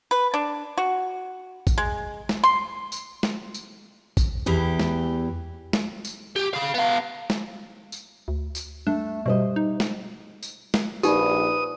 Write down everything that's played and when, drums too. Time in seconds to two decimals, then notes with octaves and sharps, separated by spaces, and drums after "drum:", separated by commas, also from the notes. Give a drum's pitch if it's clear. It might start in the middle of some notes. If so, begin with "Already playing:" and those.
0.11 B4
0.34 D4
0.78 F#4
1.67 drum: kick, tambourine
1.78 G#3
2.29 drum: snare
2.44 C6
2.92 drum: tambourine
3.23 drum: snare
3.54 drum: tambourine
4.17 drum: kick, tambourine
4.46 E2 E3 G4
4.80 drum: snare
5.73 drum: snare
6.05 drum: tambourine
6.36 G4
6.54 G#4 F5
6.74 B3 F5
7.30 drum: snare
7.92 drum: tambourine
8.28 D2
8.55 drum: tambourine
8.87 A3 D4
9.26 B2 G3 C5 D#5
9.56 D#4
9.80 drum: snare
10.43 drum: tambourine
10.74 drum: snare
11.03 A#1 D#4 G4 B4 D5 B5 D#6, drum: tambourine